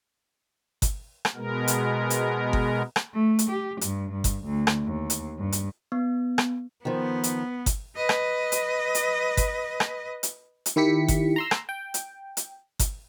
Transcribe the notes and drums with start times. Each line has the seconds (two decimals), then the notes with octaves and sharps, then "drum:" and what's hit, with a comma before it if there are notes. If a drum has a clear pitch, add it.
0.82 drum: kick G1, hi-hat
1.25 drum: rim click
1.35 B2 G#3 B3 A#4
1.68 drum: hi-hat
2.10 drum: hi-hat
2.53 drum: kick G1
2.96 drum: rim click
3.14 A3
3.39 drum: hi-hat
3.50 G4
3.81 G2, drum: hi-hat
4.12 G2
4.24 drum: kick G1, hi-hat
4.44 D2
4.67 drum: rim click
4.85 D#2
5.10 drum: hi-hat
5.38 G2
5.52 drum: hi-hat
5.92 B3
6.38 drum: rim click
6.85 D#3 F3 B3
7.23 drum: hi-hat
7.66 drum: kick G1, hi-hat
7.96 B4 D#5
8.09 drum: rim click
8.52 drum: hi-hat
8.95 drum: hi-hat
9.37 drum: kick G1, hi-hat
9.80 drum: rim click
10.23 drum: hi-hat
10.66 drum: hi-hat
10.76 D#3 E4 G4 B6 C#7
11.08 drum: kick G1, hi-hat
11.36 A#5 C6 E6
11.51 drum: rim click
11.69 G5
11.94 drum: hi-hat
12.37 drum: hi-hat
12.79 drum: kick G1, hi-hat